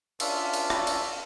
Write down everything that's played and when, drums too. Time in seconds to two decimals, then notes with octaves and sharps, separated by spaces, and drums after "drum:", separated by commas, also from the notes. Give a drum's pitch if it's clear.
0.20 C#4 D4 F4 E5, drum: cymbal
0.53 drum: cymbal
0.70 drum: rim click
0.87 drum: cymbal